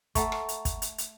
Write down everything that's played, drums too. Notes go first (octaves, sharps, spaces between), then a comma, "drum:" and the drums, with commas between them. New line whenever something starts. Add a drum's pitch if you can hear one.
A3 F#5 A#5 C#6, drum: kick, hi-hat
drum: rim click
drum: hi-hat
drum: kick, hi-hat
drum: hi-hat
drum: hi-hat